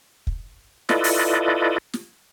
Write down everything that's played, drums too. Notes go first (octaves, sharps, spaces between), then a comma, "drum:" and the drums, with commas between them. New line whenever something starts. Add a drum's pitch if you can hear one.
drum: kick
E4 F4 A4 B4 D5 D#5, drum: snare
drum: open hi-hat
drum: snare